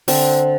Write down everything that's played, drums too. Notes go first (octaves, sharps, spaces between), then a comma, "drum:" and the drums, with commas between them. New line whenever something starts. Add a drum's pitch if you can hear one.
D3 C4 C5, drum: open hi-hat